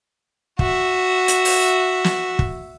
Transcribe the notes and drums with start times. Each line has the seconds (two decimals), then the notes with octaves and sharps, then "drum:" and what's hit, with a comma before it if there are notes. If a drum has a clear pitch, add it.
0.59 F#4 E5, drum: kick
1.28 drum: hi-hat
1.45 drum: open hi-hat
2.04 drum: snare
2.39 drum: kick